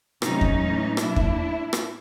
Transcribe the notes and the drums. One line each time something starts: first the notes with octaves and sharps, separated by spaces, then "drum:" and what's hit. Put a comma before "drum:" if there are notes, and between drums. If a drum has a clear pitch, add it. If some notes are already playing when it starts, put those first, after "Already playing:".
C3 D#3 F#3 A3 C#4 D#4, drum: rim click
drum: kick E2
A2 E3 G#3
B2 F#3 A#3 D4 E4, drum: rim click
drum: kick E2
A2 F3 A3
drum: rim click